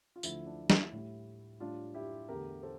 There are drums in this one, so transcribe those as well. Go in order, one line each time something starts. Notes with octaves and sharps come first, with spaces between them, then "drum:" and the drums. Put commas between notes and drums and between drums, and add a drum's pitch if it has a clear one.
F4
D2 D3 F3 E4, drum: tambourine
D4
E4, drum: snare
A2 G3
A2 G3 D4 F4
E4 G4
E2 D3 A3 G4 A#4
A4 C5